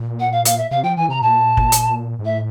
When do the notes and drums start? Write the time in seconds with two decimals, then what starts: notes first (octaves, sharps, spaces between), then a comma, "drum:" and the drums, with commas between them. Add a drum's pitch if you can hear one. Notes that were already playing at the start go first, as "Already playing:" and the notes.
Already playing: A#2
0.19 F#5
0.32 F5
0.45 F5, drum: hi-hat
0.57 E5
0.70 C3 F5
0.83 F3 G5
0.97 E3 G#5
1.09 C3 A#5
1.22 A#2 A5
1.57 drum: kick
1.72 drum: hi-hat
2.19 G#2
2.25 A2 E5